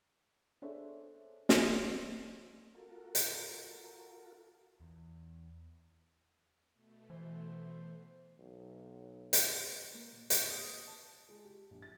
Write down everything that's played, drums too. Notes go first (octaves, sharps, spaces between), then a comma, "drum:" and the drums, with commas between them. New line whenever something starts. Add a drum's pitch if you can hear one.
D4 G#4 A4 C5 C#5 E5
drum: snare
F4 F#4 A4 A#4
drum: hi-hat
E2
B2 A3
E3 C5
B1
drum: hi-hat
A#3
A#2
C#6, drum: hi-hat
D#6
A5
G#3
G4
A#1
A6